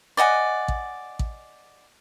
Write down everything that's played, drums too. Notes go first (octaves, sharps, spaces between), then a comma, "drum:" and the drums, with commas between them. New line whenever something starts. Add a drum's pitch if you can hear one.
D5 D#5 F#5 G#5
drum: kick A1
drum: kick A1